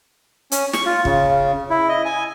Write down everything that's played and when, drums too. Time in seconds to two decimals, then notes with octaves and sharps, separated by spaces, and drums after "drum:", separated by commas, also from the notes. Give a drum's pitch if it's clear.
0.52 C#4, drum: hi-hat
0.73 C#6, drum: snare
0.86 F4
1.05 C#3, drum: kick
1.70 E4
1.89 D#5
2.05 G#5